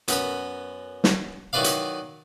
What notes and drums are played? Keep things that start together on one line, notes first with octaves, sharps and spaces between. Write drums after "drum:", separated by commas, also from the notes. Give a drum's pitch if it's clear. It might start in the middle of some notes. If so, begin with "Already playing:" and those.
F#2 B3 A#4 B5, drum: hi-hat
drum: snare
D#3 F#3 E4 B4 D5 F5
drum: hi-hat